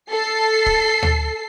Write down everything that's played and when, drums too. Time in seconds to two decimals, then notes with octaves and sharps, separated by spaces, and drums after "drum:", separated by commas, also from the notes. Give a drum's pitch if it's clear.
0.12 A4 C7
0.66 drum: kick
1.02 drum: tom